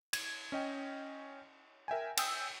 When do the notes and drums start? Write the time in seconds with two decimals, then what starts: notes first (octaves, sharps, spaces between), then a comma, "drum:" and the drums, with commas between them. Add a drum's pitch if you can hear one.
0.13 G#6, drum: cymbal
0.52 C#4 D#5 G5
1.88 A#4 E5 G5 G#5
2.17 G5 G#5 D#6 E6 G6, drum: cymbal